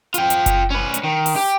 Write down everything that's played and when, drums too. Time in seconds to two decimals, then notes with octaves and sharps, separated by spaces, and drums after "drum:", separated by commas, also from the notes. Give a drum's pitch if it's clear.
0.14 F4 G5, drum: hi-hat
0.30 drum: hi-hat
0.46 drum: kick F#1, hi-hat
0.70 C#4 B4
0.94 drum: hi-hat
1.04 D#3
1.26 drum: open hi-hat
1.36 G4